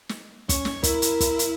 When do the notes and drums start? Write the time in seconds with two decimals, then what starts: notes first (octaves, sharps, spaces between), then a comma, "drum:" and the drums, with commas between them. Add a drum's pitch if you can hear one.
0.09 drum: snare
0.49 C#4 C#5, drum: kick, hi-hat
0.65 drum: snare
0.83 E4 A#4, drum: kick, hi-hat
1.02 drum: hi-hat
1.20 drum: kick, hi-hat
1.39 drum: hi-hat